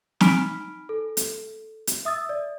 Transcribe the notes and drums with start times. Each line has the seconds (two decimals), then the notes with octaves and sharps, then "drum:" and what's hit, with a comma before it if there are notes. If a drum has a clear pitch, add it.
0.21 D#4 G#5 B5 F6 B6 D7, drum: snare
0.89 A4
1.17 drum: hi-hat
1.87 drum: hi-hat
2.05 E5 D#6 E6 A6
2.29 D5